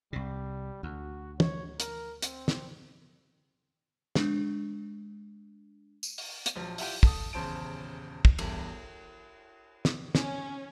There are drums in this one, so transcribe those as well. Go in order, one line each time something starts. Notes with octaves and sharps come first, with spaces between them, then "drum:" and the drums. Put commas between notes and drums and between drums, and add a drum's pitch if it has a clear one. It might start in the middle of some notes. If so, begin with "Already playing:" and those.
C2 C3 G3
D2 F#4
C#5, drum: tom
A#4, drum: hi-hat
C4, drum: hi-hat
drum: snare
G#3 D4, drum: snare
drum: tambourine
drum: open hi-hat
drum: hi-hat
A#1 F3 F#3
E4 F4 G4 F#5 G5, drum: open hi-hat
A4 D#6, drum: kick
D#1 E2 C#3 C5 A5 D7
drum: kick
E2 G2, drum: cymbal
drum: snare
C#4, drum: snare